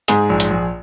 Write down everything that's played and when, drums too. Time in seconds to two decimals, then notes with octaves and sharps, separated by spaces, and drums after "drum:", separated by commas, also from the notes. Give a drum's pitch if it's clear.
0.08 G#2 G#4, drum: hi-hat
0.29 A#1
0.40 drum: hi-hat
0.50 A#1